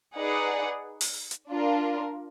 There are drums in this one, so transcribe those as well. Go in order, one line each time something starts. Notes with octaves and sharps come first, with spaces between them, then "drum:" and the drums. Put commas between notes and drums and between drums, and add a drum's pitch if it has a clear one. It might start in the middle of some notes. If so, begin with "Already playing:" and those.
D#4 G#4 B4 D5 F#5
drum: open hi-hat
drum: hi-hat
D4 F4 A#4